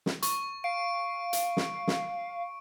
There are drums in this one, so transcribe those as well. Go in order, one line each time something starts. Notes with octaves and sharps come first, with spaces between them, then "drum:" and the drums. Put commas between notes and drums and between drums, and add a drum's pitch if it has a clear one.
drum: snare
C#6, drum: hi-hat
F5 D7
drum: hi-hat
drum: snare
drum: snare